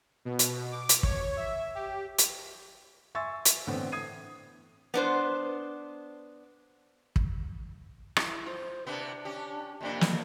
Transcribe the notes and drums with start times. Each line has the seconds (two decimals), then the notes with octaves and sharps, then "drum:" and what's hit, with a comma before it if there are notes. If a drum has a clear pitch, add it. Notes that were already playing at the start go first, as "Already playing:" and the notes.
0.25 B2
0.39 drum: hi-hat
0.72 D6
0.89 drum: hi-hat
1.03 C#5, drum: kick
1.37 E5
1.75 G4
2.19 drum: hi-hat
3.15 E5 G#5 C6 C#6 E6 A6
3.45 drum: hi-hat
3.67 A2 D3 E3 B3 C4
3.92 D#6 G#6 C7 D#7
4.94 B3 D4 C5
7.16 drum: kick
8.16 E4, drum: rim click
8.46 F4 C5
8.87 C3 A#3 B3 D4
9.25 C#4 G4
9.81 F2 C3 A#3 D4
10.01 drum: snare